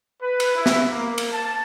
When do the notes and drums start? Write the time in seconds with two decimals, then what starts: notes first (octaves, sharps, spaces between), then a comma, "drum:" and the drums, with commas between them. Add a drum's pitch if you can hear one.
0.21 B4
0.40 drum: cymbal
0.55 E4
0.66 drum: snare
0.92 A#3
1.18 drum: cymbal
1.33 A5